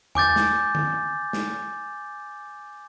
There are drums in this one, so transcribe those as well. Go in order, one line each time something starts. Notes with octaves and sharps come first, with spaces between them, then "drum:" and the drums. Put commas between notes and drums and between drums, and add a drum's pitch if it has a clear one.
G#5 D6 G6 A6, drum: tom E2
drum: snare
drum: tom D3
drum: snare